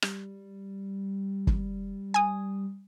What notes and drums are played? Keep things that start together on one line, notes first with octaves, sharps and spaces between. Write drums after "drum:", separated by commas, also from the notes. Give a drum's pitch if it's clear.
G3, drum: rim click
drum: kick
G#5 D#6